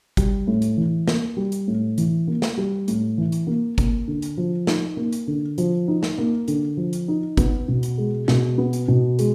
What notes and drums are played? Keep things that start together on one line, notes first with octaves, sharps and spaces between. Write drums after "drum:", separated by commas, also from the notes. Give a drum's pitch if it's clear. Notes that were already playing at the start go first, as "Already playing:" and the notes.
G3, drum: kick G1, hi-hat
A2
drum: hi-hat
E3
A#3, drum: snare
G3
drum: hi-hat
A2
E3, drum: hi-hat
A#3
drum: snare
G3
A2, drum: hi-hat
E3
drum: hi-hat
A#3
A#3, drum: kick G1, hi-hat
D3
drum: hi-hat
F3
D#4, drum: snare
A#3
drum: hi-hat
D3
F3, drum: hi-hat
D#4
drum: snare
A#3
D3, drum: hi-hat
F3
drum: hi-hat
D#4
B3, drum: kick G1, hi-hat
B2
drum: hi-hat
G#3
B2, drum: snare
B3
drum: hi-hat
B2
G#3, drum: hi-hat